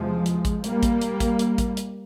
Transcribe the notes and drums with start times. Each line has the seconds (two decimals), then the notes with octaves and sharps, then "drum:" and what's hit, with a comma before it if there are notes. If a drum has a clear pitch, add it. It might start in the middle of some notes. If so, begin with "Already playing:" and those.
Already playing: E2 C3 F3 G#3
0.26 drum: hi-hat
0.45 drum: kick A1, hi-hat
0.64 G3 A#3, drum: hi-hat
0.83 drum: kick A1, hi-hat
1.01 drum: hi-hat
1.20 drum: kick A1, hi-hat
1.39 drum: hi-hat
1.58 drum: kick A1, hi-hat
1.77 drum: hi-hat